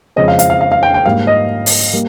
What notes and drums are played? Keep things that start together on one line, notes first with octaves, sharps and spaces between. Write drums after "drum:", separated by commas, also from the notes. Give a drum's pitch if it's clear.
F2 C#3 G#3 C4 D#5
F5
F5, drum: hi-hat
F5
F5
F5
G5
G5
G#2 G3 A#3 F5
D#5
drum: open hi-hat
G3 A#3